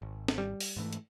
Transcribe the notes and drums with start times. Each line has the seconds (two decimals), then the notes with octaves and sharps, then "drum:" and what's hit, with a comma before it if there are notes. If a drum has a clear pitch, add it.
0.02 G#1
0.28 drum: snare
0.38 G3
0.60 drum: open hi-hat
0.77 G#2 E3 A3
0.93 drum: hi-hat